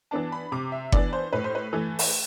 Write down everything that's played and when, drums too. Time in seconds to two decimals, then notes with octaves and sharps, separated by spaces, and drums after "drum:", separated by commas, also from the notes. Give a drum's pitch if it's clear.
0.11 E3 B3 D4 A5
0.32 B5
0.52 C3 D6
0.72 E5
0.92 E3 B3 D4 D5, drum: kick F#1
1.13 C5
1.33 A2 B4
1.44 C5
1.55 B4
1.73 E3 A3
1.99 drum: open hi-hat